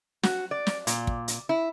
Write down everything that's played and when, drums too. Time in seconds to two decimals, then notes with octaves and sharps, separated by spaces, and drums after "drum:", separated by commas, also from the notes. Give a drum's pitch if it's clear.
0.23 F#4, drum: snare
0.51 D5
0.67 drum: snare
0.87 A#2, drum: hi-hat
1.07 drum: kick
1.28 drum: hi-hat
1.49 E4